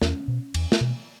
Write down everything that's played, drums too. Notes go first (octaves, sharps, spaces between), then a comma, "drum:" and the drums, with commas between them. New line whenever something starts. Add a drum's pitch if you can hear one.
E2 C#4, drum: snare
B2
E2, drum: cymbal
drum: snare
B2